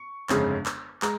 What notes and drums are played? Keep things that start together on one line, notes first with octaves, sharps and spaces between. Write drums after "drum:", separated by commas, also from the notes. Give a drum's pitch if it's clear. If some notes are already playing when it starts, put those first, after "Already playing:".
Already playing: C#6
G1 F2 C#3 G#3, drum: clap
drum: clap
G#3 A#5, drum: clap